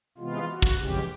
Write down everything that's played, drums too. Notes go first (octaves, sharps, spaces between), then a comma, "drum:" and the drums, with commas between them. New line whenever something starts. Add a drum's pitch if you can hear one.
C3 E3 G#3 B3 F4
F#4
drum: kick
F2 C#3 E3 G#3 C#4 G4